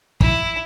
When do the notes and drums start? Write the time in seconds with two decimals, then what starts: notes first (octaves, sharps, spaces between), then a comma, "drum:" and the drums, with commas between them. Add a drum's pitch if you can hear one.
0.21 E4, drum: kick